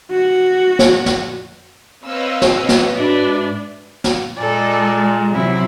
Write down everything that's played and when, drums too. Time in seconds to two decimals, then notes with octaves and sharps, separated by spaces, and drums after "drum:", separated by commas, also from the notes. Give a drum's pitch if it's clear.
0.11 F#4
0.79 drum: snare
1.06 drum: snare
2.04 C4 B4 C#5 D#5 F5 E6
2.42 drum: snare
2.69 drum: snare
2.96 G#2 D4 F#4 B4 D5 E5
4.04 drum: snare
4.37 A#2 G#3 A4 D5
5.34 C3 F#3 E4